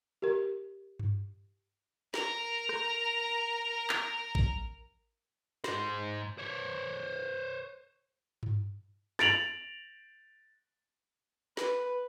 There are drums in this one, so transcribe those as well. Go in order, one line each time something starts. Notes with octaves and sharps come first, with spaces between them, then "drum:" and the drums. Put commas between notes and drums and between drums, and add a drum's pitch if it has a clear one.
G4 A#4
drum: tom G2
A#4 A#5, drum: snare
drum: rim click
drum: clap
drum: kick A1
G#2 C5, drum: snare
C5 C#5
drum: tom G2
A6 D7 F7 F#7, drum: snare
B4, drum: snare